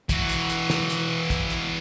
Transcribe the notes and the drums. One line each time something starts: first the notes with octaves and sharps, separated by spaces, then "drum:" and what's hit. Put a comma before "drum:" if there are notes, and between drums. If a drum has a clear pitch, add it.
E3 F#4, drum: kick, hi-hat
drum: hi-hat
drum: hi-hat
drum: snare
drum: hi-hat
drum: kick, hi-hat
drum: hi-hat